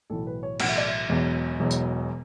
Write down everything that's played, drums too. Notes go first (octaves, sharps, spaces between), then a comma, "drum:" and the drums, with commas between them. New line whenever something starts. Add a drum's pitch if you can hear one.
B1 A2 E3 A4
B4
C#5
B1 A2 E3 F#5, drum: cymbal
E5
D5
E5
E1 E2 B2 F#3
E1 E2 B2 F#3
drum: tambourine